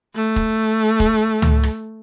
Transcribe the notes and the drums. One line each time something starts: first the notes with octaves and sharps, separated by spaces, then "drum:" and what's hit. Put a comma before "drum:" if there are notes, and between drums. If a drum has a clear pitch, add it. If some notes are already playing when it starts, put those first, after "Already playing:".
A3
drum: kick
drum: kick
drum: tom C#2
drum: rim click